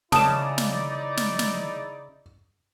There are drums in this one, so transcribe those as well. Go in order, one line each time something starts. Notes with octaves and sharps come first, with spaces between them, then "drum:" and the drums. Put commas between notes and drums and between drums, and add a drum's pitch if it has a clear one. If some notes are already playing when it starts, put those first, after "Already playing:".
C#3 D#4 E4 D5 A5 D#6 E7, drum: snare
drum: snare
drum: snare
drum: snare